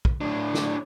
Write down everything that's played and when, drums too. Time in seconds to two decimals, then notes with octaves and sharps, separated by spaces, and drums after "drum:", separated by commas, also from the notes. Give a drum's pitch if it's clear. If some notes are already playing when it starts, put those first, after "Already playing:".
0.05 drum: kick
0.21 A2 D4
0.54 drum: snare